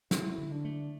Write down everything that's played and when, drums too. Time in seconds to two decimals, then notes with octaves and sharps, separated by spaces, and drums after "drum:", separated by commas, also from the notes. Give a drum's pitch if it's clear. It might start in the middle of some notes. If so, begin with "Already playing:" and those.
0.11 F#3 E4, drum: snare
0.38 D3
0.51 D4
0.65 A3